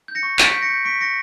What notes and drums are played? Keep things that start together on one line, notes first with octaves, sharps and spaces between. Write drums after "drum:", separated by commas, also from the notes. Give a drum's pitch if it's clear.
G6
A#6 C#7
C#6
C#6 B6 D7, drum: clap
G6
A#6 C#7
G6
C#6 B6 D7
C#6 A#6 C#7